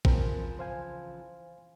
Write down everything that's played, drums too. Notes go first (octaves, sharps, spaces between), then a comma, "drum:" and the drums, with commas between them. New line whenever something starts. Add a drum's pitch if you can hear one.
C#3 E3 F3 C4 A#4, drum: kick A1
C5 F5 G#5